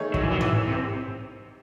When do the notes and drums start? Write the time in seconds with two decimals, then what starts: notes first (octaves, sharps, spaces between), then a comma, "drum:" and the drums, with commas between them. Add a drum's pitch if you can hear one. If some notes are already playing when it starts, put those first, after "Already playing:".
Already playing: D#3 A3 D#4 G#4 C#5
0.14 F#3, drum: kick
0.22 E3
0.31 F#3
0.41 E3, drum: tom G#2
0.68 C3